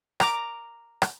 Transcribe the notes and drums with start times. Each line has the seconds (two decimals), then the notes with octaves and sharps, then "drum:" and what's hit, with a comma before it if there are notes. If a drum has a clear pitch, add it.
0.20 A#5 D6, drum: rim click
1.02 drum: rim click